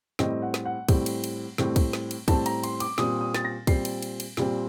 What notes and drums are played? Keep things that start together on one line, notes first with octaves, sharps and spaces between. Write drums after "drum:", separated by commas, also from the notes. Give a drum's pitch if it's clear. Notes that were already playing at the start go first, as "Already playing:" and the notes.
A2 G3 C4 D#5, drum: snare
F#5
drum: snare
F#5
A2 G3 C4, drum: kick, cymbal
drum: cymbal
drum: cymbal
A2 G3 C4, drum: snare
drum: kick, cymbal
drum: snare
drum: cymbal
A2 G3 C4 A5, drum: kick, cymbal
A#5, drum: cymbal
C6, drum: cymbal
D6, drum: cymbal
A#2 G3 C4 D#6, drum: snare
D#6
A6, drum: snare
A#6
A#2 G3 C4 C7, drum: kick, cymbal
drum: cymbal
drum: cymbal
drum: cymbal
A#2 G3 C4, drum: snare